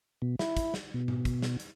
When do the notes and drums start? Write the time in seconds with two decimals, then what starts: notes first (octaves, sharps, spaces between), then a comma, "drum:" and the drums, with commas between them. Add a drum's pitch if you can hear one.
0.22 B2
0.39 E4, drum: snare
0.57 drum: kick, hi-hat
0.74 drum: snare
0.94 B2
1.08 drum: tom G#2
1.25 drum: kick, hi-hat
1.42 drum: snare
1.60 drum: hi-hat